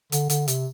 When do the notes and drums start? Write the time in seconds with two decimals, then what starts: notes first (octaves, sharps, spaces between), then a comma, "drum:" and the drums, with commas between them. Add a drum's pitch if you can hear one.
0.12 D3, drum: hi-hat
0.30 D3, drum: hi-hat
0.48 C3, drum: hi-hat